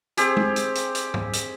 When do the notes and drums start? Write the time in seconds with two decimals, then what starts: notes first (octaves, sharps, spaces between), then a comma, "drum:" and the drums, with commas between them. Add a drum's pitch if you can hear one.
0.17 C4 G4 G#4, drum: hi-hat
0.37 drum: tom
0.56 drum: hi-hat
0.75 drum: hi-hat
0.95 drum: hi-hat
1.14 drum: tom G#2
1.33 drum: hi-hat